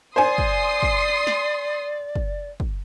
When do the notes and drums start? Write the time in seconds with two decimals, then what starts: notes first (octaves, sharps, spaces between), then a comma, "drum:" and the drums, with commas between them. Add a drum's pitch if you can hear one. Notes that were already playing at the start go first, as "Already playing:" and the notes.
0.16 C5 D5 G#5 C6 D#6 C7
0.38 drum: kick
0.83 drum: kick
1.27 drum: snare
2.16 drum: kick
2.60 drum: kick